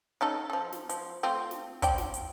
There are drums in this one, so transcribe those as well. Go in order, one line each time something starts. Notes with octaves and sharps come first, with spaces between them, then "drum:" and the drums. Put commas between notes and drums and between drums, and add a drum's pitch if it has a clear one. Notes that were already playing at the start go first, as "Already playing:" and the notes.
C#4 D#4 A4
F3 A4
drum: snare
F3, drum: hi-hat
A3 C4 F4
drum: snare
F3 D5 G5, drum: kick, hi-hat
drum: snare
drum: hi-hat